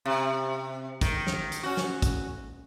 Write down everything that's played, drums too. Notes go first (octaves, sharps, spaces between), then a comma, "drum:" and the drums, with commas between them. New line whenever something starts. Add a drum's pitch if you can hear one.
C3
D#3, drum: kick, hi-hat
drum: snare
drum: hi-hat
C#4 F#4
drum: snare
drum: kick, hi-hat